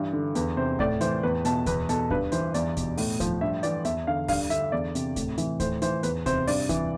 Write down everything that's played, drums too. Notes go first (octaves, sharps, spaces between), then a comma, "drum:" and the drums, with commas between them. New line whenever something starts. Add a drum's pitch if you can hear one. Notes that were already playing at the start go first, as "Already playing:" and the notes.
Already playing: G2 E3
D3
E2 B4, drum: hi-hat
C3 C5
A2 D5, drum: kick D2
E3 C5, drum: hi-hat
E2 B4
B2 A5, drum: hi-hat
E2 B4, drum: kick D2, hi-hat
B2 A4, drum: hi-hat
G2 B4, drum: kick D2
E3 C5, drum: hi-hat
E2 D5, drum: hi-hat
B2, drum: kick D2, hi-hat
A2, drum: open hi-hat
F3, drum: kick D2, hi-hat
G2 E5
E3 D5, drum: hi-hat
E2 E5, drum: hi-hat
D3 F5
G2 F5, drum: kick D2, open hi-hat
D3 E5, drum: hi-hat
E2 D5
C3, drum: hi-hat
A2, drum: kick D2, hi-hat
E3, drum: hi-hat
A2 C5, drum: kick D2, hi-hat
E3 C5, drum: hi-hat
E2 B4, drum: hi-hat
C3 C5, drum: kick D2, hi-hat
G2 D5, drum: open hi-hat
E3, drum: kick D2, hi-hat